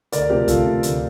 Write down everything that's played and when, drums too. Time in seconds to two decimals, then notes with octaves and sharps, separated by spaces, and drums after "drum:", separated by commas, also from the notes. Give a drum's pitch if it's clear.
0.12 D2 A#4 D5, drum: hi-hat
0.29 C3 F3 A3 G4 A#4
0.48 D2 F4 A4, drum: kick, hi-hat
0.65 C3 F3 A3
0.83 D2, drum: hi-hat